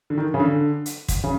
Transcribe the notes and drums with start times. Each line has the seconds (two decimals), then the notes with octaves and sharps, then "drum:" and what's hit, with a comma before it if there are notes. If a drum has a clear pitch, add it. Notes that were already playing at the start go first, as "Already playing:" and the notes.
0.10 D3
0.18 D#3
0.34 C#3
0.40 D3
0.86 drum: hi-hat
1.08 drum: kick, hi-hat
1.24 C#3